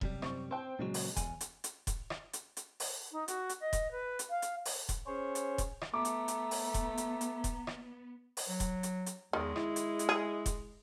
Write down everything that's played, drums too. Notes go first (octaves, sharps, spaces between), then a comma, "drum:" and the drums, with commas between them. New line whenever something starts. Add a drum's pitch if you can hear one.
F#2 C3 G3, drum: kick E1
C4 C#6, drum: rim click
C4 C5 G5
A#2 C#3 F#3 G#3
drum: open hi-hat
E2 G#5, drum: kick E1, hi-hat
drum: hi-hat
drum: hi-hat
drum: kick E1, hi-hat
drum: rim click
drum: hi-hat
drum: hi-hat
drum: open hi-hat
D#4
F#4, drum: hi-hat
drum: hi-hat
D#5
drum: kick E1, hi-hat
B4
drum: hi-hat
F5
drum: hi-hat
drum: open hi-hat
drum: kick E1, hi-hat
C#4 G#4 C5 C#5
drum: hi-hat
drum: kick E1, hi-hat
drum: rim click
A3 B3 A#5 D6
drum: hi-hat
drum: hi-hat
drum: open hi-hat
drum: kick E1, hi-hat
drum: hi-hat
drum: hi-hat
drum: kick E1, hi-hat
drum: rim click
drum: open hi-hat
F#3
drum: kick E1, hi-hat
drum: hi-hat
drum: hi-hat
E2 D#3 G#3
E4, drum: rim click
drum: hi-hat
drum: hi-hat
G#4
drum: kick E1, hi-hat